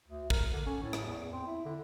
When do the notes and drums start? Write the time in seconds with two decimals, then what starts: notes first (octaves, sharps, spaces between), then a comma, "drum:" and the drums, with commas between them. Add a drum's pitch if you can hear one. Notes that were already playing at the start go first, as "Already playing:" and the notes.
0.08 D2
0.30 A#4, drum: kick
0.52 D3
0.66 C#4
0.82 A2
0.93 drum: rim click
1.06 E2
1.33 C4
1.46 E4
1.65 D3